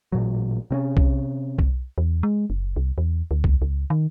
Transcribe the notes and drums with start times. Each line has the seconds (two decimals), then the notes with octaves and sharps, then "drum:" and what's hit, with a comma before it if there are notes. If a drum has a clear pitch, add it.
0.12 A1 A#2 F#3
0.71 C3 C4 C#4
0.97 drum: kick B1
1.59 drum: kick B1
1.98 E2
2.23 G#3
2.50 F#1
2.76 C2
2.98 E2
3.31 D2
3.44 drum: kick B1
3.62 C#2
3.90 D#3